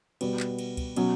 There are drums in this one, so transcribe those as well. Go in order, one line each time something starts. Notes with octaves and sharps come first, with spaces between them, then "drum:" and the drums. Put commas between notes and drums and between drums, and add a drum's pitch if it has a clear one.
B2 G3 B3 F#4, drum: cymbal
drum: clap
drum: cymbal
drum: kick C#2, cymbal
B2 F#3 C#4 F#4, drum: cymbal